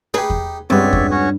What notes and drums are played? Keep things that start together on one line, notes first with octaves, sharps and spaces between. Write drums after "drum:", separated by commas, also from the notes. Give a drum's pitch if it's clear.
D#4 G4 G#4 B4
drum: kick E2
C#2 G2 G3 B3 C4 C#5 D5 E5
drum: kick E2
C#4 F#4 C#5